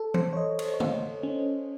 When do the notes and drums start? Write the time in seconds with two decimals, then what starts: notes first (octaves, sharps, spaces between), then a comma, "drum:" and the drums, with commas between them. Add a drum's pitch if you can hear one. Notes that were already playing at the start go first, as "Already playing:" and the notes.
Already playing: A4
0.14 C5, drum: tom E3
0.33 C#5
0.37 D#5
0.59 C#5, drum: cymbal
0.74 C#5
0.80 C5, drum: tom
1.23 C#4